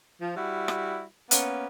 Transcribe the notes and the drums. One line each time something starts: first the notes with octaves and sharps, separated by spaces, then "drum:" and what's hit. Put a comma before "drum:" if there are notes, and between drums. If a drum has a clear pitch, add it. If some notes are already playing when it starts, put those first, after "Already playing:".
F3
G3 E4 F#4
drum: rim click
A#3 B3 C#4, drum: hi-hat